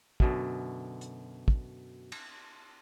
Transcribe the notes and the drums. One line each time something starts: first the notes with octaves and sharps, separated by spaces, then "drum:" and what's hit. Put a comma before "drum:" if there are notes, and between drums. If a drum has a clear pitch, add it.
F#2 B2 D3, drum: kick
drum: hi-hat
drum: kick
drum: cymbal